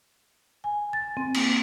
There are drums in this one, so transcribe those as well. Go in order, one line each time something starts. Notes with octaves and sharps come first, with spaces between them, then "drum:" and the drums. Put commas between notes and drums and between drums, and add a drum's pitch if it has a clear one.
G#5
A6
C4
A#3, drum: cymbal